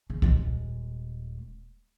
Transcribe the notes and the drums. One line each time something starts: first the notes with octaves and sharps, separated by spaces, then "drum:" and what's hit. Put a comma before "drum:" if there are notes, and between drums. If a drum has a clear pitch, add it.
C#3
D#1 G#3, drum: kick C2